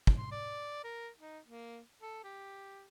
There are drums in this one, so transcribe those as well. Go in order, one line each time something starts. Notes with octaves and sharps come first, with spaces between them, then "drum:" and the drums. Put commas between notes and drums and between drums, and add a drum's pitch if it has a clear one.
drum: kick
C6
D5
A#4
D#4
A#3
A4
G4